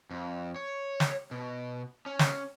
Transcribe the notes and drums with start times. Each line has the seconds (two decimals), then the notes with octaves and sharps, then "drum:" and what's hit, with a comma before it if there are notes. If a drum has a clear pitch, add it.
0.11 F2
0.56 C#5
1.00 drum: snare
1.31 B2
2.06 C#4
2.19 drum: snare